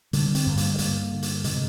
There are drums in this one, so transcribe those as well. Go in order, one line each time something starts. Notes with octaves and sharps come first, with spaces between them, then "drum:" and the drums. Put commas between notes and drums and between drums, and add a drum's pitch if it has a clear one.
D3 G3, drum: hi-hat
C4, drum: hi-hat
G2
A#3, drum: hi-hat
G#3
G2 A#3, drum: hi-hat
D3
drum: hi-hat
C3 G#3, drum: hi-hat